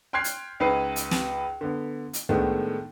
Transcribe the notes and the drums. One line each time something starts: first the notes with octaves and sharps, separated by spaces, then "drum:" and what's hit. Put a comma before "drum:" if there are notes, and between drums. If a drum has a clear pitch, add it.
G5 C6 F6 F#6 G#6 C7
drum: hi-hat
C#2 D#4 B4 C7
drum: hi-hat
drum: snare
D3 B3
drum: hi-hat
A2 D#3 G#3 A3 B3 D4, drum: kick